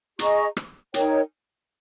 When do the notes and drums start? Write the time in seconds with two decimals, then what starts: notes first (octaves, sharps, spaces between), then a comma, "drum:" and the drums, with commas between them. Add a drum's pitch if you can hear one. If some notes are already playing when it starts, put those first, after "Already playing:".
0.19 G#4 D#5 A#5 C#6, drum: hi-hat
0.57 drum: rim click
0.94 D#4 A#4 C#5 G5, drum: hi-hat